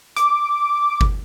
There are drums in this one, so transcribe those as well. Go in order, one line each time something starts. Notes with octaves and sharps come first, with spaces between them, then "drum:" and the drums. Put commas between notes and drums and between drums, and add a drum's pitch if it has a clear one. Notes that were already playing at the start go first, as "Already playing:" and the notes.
D6, drum: hi-hat
drum: kick G1